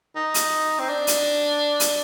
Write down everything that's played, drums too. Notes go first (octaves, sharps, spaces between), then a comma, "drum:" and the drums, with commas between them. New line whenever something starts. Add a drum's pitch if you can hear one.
D#4
drum: hi-hat
C4
D4
drum: hi-hat
drum: hi-hat